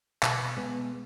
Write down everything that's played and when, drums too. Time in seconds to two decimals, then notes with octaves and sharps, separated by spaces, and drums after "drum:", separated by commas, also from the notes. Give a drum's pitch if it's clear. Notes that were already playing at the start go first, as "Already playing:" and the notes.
0.23 B2, drum: clap
0.57 G#3 B3